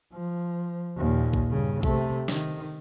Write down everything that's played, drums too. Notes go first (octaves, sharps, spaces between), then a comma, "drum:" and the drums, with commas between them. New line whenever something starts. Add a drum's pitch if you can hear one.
F3
D#2 A#2
drum: kick A#1
G2 C#3
C3 A3, drum: kick A#1
D#3, drum: snare